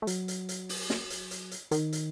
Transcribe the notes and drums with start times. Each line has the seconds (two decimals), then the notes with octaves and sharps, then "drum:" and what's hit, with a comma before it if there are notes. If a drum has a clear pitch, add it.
0.02 A3
0.07 F#3, drum: hi-hat
0.28 drum: hi-hat
0.49 drum: hi-hat
0.69 drum: open hi-hat
0.90 drum: snare
1.10 drum: hi-hat
1.31 drum: hi-hat
1.51 drum: hi-hat
1.71 D#3, drum: hi-hat
1.93 drum: hi-hat